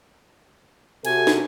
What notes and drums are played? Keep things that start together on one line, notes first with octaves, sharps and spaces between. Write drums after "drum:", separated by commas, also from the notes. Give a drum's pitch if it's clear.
C3 F#4 A4 G#5, drum: cymbal
drum: snare